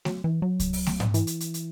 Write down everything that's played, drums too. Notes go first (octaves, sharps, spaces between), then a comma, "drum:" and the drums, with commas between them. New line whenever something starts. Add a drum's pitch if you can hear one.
F#3, drum: snare A3
E3
F#3
drum: kick C2, hi-hat
drum: open hi-hat
drum: snare A3
drum: tom G#2
E3, drum: hi-hat
drum: hi-hat
drum: hi-hat
drum: hi-hat